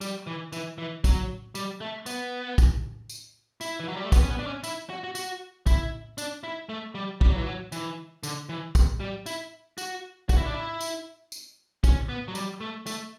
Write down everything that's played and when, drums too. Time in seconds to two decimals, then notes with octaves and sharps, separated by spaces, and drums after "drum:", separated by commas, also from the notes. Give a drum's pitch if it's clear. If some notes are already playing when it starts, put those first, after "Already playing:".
0.01 G3, drum: tambourine
0.27 E3
0.53 E3, drum: tambourine
0.78 E3
1.04 F#3, drum: kick, tambourine
1.55 G3, drum: tambourine
1.81 A3
2.06 B3, drum: tambourine
2.58 drum: kick, tambourine
3.10 drum: tambourine
3.61 E4, drum: tambourine
3.80 E3
3.88 F#3
3.96 G3
4.04 A3
4.12 B3, drum: kick, tambourine
4.23 C#4
4.30 B3
4.39 D4
4.47 C#4
4.64 E4, drum: tambourine
4.90 F#4
5.04 F#4
5.15 F#4, drum: tambourine
5.66 E4, drum: kick, tambourine
6.18 D4, drum: tambourine
6.43 E4
6.69 A3
6.95 G3
7.21 G3, drum: kick
7.28 F#3
7.36 E3
7.43 F#3
7.72 E3, drum: tambourine
8.23 D3, drum: tambourine
8.49 E3
8.75 drum: kick, tambourine
9.00 G3
9.26 E4, drum: tambourine
9.78 F#4, drum: tambourine
10.29 F#4, drum: kick, tambourine
10.38 E4
10.45 D4
10.53 E4
10.81 drum: tambourine
11.32 drum: tambourine
11.84 C#4, drum: kick, tambourine
12.09 B3
12.28 F#3
12.35 G3, drum: tambourine
12.61 A3
12.86 A3, drum: tambourine